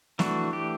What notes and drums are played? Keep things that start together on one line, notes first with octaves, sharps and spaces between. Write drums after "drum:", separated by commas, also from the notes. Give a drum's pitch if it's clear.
E3 A3 D4 F#4, drum: snare
G4